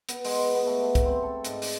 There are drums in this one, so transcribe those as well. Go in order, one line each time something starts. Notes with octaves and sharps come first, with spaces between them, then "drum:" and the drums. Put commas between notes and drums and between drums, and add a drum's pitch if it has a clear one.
B3, drum: hi-hat
G#3, drum: open hi-hat
B4
B3
A3
A3
drum: kick, hi-hat
C4
A4
G#2, drum: hi-hat
D5, drum: open hi-hat